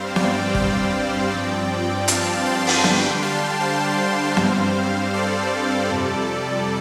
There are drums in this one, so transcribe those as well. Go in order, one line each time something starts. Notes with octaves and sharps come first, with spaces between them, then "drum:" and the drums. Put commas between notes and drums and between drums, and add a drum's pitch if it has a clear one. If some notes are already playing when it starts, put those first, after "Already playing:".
Already playing: G2 G3 C4 C5 F5
D5 G5, drum: snare B3
D5 G5, drum: kick
G2 F3 C4
F5 A5, drum: hi-hat
G5 C6
drum: open hi-hat
D3 G3 D4 G5 C6, drum: snare B3
F5 A5
C5 F5
G2 G3 C4, drum: snare B3
A4 D5
F2 C3 G3